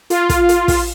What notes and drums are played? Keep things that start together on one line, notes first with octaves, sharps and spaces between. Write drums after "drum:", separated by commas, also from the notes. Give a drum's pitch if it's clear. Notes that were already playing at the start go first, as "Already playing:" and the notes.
F4, drum: hi-hat
drum: kick, hi-hat
drum: hi-hat
drum: kick, open hi-hat